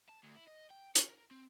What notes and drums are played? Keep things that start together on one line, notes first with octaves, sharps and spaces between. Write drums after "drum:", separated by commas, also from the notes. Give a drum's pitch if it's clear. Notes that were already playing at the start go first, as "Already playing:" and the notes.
A5
D2
E4
D#5
G5
C#5, drum: hi-hat
A#4
C4